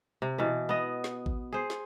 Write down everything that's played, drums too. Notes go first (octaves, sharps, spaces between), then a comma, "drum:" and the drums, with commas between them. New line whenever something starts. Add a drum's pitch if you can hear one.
C3
B2 E3
B3 D#5
drum: snare
drum: kick G#1
G#4 C5
drum: snare